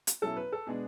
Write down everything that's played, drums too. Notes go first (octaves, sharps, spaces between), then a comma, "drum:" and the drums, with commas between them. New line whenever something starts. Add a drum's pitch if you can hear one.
drum: hi-hat
B2 F#3 C#4 E4 A4
B4
A4
B2 G#3 B3 D4 G#4